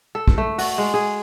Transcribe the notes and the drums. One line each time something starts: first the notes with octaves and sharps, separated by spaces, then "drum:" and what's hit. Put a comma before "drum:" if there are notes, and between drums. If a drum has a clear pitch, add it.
A4
drum: kick
A3
F#4, drum: open hi-hat
G#3
G#4